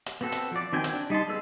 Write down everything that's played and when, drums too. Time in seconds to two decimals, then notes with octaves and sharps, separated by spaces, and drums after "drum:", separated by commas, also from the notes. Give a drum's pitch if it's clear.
0.06 drum: hi-hat
0.21 B3 C4 F#4 A4
0.32 drum: hi-hat
0.51 F3 D5
0.73 D#3 C4 F#4 G5 G#5
0.84 drum: hi-hat
0.93 D4
1.10 G3 D#4 A5 C6
1.28 G#3 B3 G#4 A4 E6